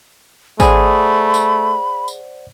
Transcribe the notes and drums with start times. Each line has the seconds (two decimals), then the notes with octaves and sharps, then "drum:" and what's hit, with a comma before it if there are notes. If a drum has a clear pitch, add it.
0.60 A3 G#4 C5 D5 F#5 B5, drum: kick, tambourine
1.34 drum: tambourine
2.08 drum: tambourine